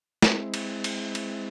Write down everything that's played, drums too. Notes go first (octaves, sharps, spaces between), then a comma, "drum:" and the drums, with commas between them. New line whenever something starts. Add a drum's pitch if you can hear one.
G#3 C4 E4, drum: snare
drum: cymbal
drum: cymbal
drum: cymbal